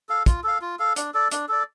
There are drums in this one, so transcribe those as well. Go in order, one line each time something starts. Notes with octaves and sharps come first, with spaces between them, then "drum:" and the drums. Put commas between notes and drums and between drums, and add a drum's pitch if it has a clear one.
A4 F5
F4, drum: kick, hi-hat
A4 F5
F4
A4 F5
D4, drum: hi-hat
A4 D5
D4, drum: hi-hat
A4 D5